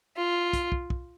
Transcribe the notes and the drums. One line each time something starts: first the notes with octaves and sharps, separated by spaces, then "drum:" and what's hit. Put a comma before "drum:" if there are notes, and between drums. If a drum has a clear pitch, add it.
F4
drum: kick, hi-hat
drum: kick
drum: kick